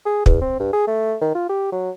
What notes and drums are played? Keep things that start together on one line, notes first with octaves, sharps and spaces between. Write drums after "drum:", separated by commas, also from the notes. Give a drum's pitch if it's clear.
G#4
E2, drum: kick
C4
G2
G#4
A3
D#3
F4
G4
F#3